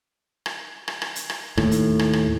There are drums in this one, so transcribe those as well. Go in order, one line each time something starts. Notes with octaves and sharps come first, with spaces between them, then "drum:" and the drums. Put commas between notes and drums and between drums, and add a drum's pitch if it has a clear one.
drum: rim click
drum: rim click
drum: rim click
drum: hi-hat
drum: rim click
D#2 A2, drum: rim click
drum: hi-hat
drum: rim click
drum: rim click